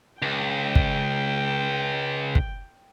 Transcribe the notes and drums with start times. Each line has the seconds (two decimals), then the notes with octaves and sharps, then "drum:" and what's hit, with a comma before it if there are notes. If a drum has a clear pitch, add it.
0.22 C#2 G5
0.75 drum: kick
2.35 drum: kick